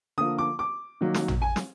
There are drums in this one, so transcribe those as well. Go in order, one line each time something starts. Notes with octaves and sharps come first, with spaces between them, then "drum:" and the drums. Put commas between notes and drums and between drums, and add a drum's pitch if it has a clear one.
D3 F3 A#3 D#6
D6
D6
D#3 F#3 A#3
drum: snare
drum: tom
G#5
drum: snare